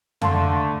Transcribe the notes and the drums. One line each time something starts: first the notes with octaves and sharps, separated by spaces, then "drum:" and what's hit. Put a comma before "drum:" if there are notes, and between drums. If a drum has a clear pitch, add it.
D3 A3 F5 A5 C6, drum: tom F2